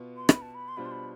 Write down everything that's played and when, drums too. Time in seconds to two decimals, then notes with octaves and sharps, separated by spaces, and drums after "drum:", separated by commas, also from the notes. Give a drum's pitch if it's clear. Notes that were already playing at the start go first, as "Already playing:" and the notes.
Already playing: B2 B3 F4
0.16 C6
0.29 B5, drum: rim click
0.42 A5
0.55 B5
0.68 C6
0.77 B2 G3 D4 F4 C5 B5
0.85 C6
0.92 B5